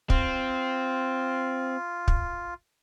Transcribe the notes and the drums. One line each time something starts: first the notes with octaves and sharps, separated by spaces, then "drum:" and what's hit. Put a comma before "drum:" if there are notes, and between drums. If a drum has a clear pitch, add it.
C4 F4, drum: kick
drum: kick